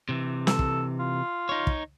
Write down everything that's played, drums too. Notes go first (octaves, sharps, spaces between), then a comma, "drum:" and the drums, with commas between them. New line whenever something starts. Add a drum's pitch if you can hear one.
C3 E3
A4, drum: snare
drum: kick
F4
D#4 C#5
drum: kick